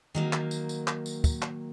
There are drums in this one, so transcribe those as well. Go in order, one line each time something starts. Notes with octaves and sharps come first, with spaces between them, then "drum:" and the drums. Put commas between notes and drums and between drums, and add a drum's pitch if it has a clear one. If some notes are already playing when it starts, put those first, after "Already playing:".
D#3 F#3 A#3
drum: clap
drum: tambourine
drum: tambourine
drum: clap
drum: tambourine
drum: kick, tambourine
drum: clap